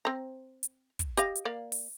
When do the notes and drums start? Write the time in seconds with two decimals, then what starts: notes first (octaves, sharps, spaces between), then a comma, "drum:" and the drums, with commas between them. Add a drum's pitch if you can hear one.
0.05 C4 A#5
0.63 drum: hi-hat
0.99 drum: kick, hi-hat
1.17 G4 D#5 F5, drum: hi-hat
1.36 drum: hi-hat
1.45 A#3 D5 F5
1.72 drum: open hi-hat